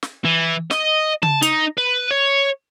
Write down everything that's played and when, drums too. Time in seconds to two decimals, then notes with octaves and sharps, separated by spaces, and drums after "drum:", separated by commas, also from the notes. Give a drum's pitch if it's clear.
0.03 drum: snare
0.25 E3
0.71 D#5, drum: snare
1.23 A5, drum: tom C#3
1.42 D#4, drum: hi-hat
1.78 B4
2.11 C#5